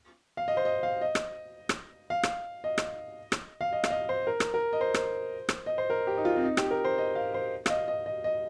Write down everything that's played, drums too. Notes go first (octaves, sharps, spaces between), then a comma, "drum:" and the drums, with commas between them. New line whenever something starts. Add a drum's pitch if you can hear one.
F5
D#5
C5
D#5
F5
D#5
drum: rim click
drum: rim click
F5
drum: rim click
D#5
drum: rim click
drum: rim click
F5
D#5
F5, drum: rim click
D#5
C5
A#4
drum: rim click
A#4
D#5
C5
drum: rim click
drum: rim click
D#5
C5
A#4
G4
D#4
F4
C4
D#4
G4, drum: rim click
A#4
C5
D#5
F5
C5
F5, drum: rim click
D#5
D#5
D#5
D#5